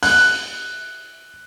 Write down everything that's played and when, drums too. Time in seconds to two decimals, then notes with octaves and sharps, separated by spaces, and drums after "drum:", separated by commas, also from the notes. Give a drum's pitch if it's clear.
0.03 F#6, drum: open hi-hat